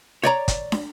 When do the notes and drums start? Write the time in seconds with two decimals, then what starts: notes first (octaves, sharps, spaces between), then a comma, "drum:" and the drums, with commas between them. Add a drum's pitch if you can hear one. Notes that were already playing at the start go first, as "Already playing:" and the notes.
0.23 C#5 D5 A#5
0.48 drum: kick, hi-hat
0.72 drum: snare